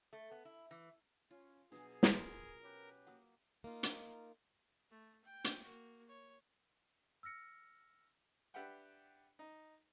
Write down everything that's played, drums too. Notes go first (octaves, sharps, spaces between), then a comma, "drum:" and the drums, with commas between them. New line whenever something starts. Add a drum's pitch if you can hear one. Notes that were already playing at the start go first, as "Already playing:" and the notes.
A3
B3
E4
E3
C#4 F4
B2 F#3 D4 G#4
drum: snare
F4 F#4 A#4
C#4 G4 B4
A#3 F#4 F#5 D#6
A#3 D#4 F4
drum: hi-hat
A3
G5
drum: hi-hat
A#3 F#4
C#5
E6 F6 A#6 C#7
D4 G4 B4 E5 F#5 G5
D#4